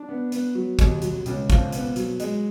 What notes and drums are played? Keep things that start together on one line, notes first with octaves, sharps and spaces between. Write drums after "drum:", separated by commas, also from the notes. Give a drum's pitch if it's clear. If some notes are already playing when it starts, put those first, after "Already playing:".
Already playing: D4
B3
B3, drum: hi-hat
F#3
D#2, drum: kick, hi-hat
F#3, drum: hi-hat
C#2, drum: hi-hat
F3, drum: kick, hi-hat
B3, drum: hi-hat
F#3, drum: hi-hat
G#3, drum: hi-hat